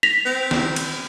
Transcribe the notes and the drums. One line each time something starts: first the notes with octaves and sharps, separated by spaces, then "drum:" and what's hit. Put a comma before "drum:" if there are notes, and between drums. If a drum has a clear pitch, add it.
A#6 B6 F7
C4
drum: snare
drum: cymbal